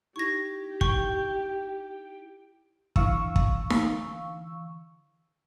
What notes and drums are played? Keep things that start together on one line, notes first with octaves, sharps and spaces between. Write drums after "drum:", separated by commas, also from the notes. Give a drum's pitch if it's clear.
D#4 E4 G4 C#6 G#6 A#6
G5 C#6, drum: kick
D3 E3 F5 C#6 E6, drum: kick
drum: kick
drum: snare D#4